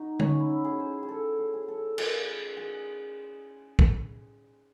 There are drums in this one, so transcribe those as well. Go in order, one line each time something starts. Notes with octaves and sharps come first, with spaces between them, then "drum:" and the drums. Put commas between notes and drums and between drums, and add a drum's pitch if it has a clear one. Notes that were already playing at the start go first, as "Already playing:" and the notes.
Already playing: D#4 F#4
C#4, drum: tom D3
D#4
E4
E4
G#4
C5
G#4
A4
G#4
G#4
A4
G#4, drum: cymbal
G#4
drum: kick